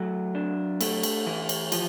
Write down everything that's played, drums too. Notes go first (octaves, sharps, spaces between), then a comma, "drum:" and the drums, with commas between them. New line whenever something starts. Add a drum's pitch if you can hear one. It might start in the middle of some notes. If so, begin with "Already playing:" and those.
Already playing: F#3 A3
D4
A3, drum: cymbal
drum: cymbal
E3
drum: cymbal
F3, drum: cymbal